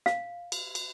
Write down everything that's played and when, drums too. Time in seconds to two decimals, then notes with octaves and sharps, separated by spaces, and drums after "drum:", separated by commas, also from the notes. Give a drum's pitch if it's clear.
0.06 F5, drum: snare
0.52 drum: cymbal
0.75 drum: cymbal